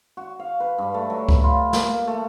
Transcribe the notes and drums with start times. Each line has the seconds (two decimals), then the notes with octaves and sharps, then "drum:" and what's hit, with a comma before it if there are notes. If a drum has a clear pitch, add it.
0.17 F#4
0.40 F5
0.60 B4
0.78 G2
0.94 A3
1.10 F#3
1.29 B5, drum: kick C#2
1.43 F4
1.73 A#3, drum: snare
2.07 A3